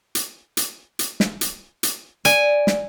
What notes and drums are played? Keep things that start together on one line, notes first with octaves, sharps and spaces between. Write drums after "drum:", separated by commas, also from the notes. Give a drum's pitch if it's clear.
drum: hi-hat
drum: hi-hat
drum: hi-hat
drum: snare
drum: hi-hat
drum: hi-hat
D5 G#5, drum: hi-hat
drum: snare